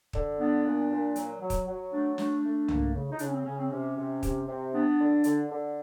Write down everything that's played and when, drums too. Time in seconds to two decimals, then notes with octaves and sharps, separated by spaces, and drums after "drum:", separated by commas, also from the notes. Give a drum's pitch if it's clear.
0.13 D3, drum: kick
0.39 B3 D4
0.65 A#2
0.90 A#2
1.16 F#3, drum: hi-hat
1.41 F#3
1.50 drum: kick, hi-hat
1.67 F#3
1.93 A3 D4
2.18 A3 D4, drum: snare
2.43 A3
2.68 A#3, drum: tom
2.94 C#3
3.11 D#4
3.19 C#3 D4, drum: hi-hat
3.26 C#4
3.33 C4
3.45 C#3 C#4
3.58 C4
3.71 C3 C#4
3.97 C3
4.23 C3, drum: kick, hi-hat
4.47 C3
4.73 B3 D4
4.98 D3
5.24 D3, drum: hi-hat
5.50 D3